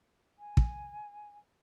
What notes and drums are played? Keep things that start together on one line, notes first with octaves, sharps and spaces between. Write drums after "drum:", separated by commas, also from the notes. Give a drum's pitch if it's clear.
G#5
drum: kick